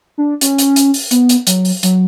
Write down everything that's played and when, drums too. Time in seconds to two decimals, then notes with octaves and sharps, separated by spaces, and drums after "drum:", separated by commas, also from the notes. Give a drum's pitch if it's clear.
0.18 D4
0.41 C#4, drum: hi-hat
0.58 drum: hi-hat
0.76 drum: hi-hat
0.94 drum: open hi-hat
1.11 B3, drum: hi-hat
1.29 drum: hi-hat
1.47 F#3, drum: hi-hat
1.65 drum: open hi-hat
1.83 F#3, drum: hi-hat